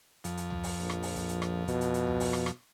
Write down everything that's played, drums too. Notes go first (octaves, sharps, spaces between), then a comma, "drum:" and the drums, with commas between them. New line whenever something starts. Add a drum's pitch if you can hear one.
F2, drum: hi-hat
drum: hi-hat
drum: tom C#2
drum: open hi-hat
A#1
drum: rim click
drum: open hi-hat
drum: kick, hi-hat
drum: hi-hat
drum: rim click
B2, drum: kick, hi-hat
drum: hi-hat
drum: hi-hat
drum: tom C#2
drum: open hi-hat
drum: rim click
drum: rim click